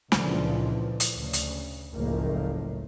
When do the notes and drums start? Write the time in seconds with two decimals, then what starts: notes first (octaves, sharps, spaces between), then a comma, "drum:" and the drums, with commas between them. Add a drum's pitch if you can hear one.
0.12 C#2 A#2 D3 E3 F3, drum: snare
1.00 drum: hi-hat
1.17 D2 C#3
1.33 drum: hi-hat
1.93 F#1 C#2 A2 F3 A3 A#3